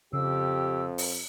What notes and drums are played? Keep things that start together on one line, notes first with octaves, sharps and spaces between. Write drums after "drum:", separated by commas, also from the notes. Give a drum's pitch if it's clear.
F2 C#3 G4 E6
drum: open hi-hat